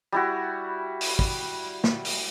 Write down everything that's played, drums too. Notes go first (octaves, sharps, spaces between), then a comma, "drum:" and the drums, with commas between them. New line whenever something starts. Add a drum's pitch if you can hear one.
G3 E4 F#4
drum: open hi-hat
drum: kick
drum: snare
drum: open hi-hat